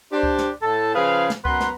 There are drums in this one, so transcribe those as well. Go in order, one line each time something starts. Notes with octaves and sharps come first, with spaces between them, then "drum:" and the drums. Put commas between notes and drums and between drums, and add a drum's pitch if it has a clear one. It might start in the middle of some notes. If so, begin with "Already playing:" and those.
D4 G4 C5
drum: kick C#2
drum: snare
A2 A4 A5
C#3 F3 G#4 B4 F5
drum: snare
F#2 B3 B4 F#5 A#5 C6, drum: kick C#2
drum: snare